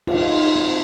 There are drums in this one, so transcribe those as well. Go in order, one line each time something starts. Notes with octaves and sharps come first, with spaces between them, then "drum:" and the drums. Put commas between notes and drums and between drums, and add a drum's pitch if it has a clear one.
F4, drum: cymbal
D#4
C4